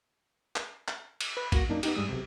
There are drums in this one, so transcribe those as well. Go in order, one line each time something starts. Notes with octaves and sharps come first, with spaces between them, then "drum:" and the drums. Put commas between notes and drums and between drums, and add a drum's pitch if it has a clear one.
drum: clap
drum: clap
drum: cymbal
B4
A#3 F#4 A#6, drum: kick, cymbal
F#2 A#3 D4 D#4
B3 D#4 G4, drum: cymbal
G2 G3 G#3 D#6 E6
B1 C3